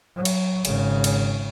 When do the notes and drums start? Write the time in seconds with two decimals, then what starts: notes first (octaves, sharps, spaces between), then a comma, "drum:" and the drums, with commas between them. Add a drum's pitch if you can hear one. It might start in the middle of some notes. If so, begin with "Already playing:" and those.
0.15 F#3
0.25 drum: cymbal
0.65 G#1 C#3, drum: cymbal
1.04 drum: cymbal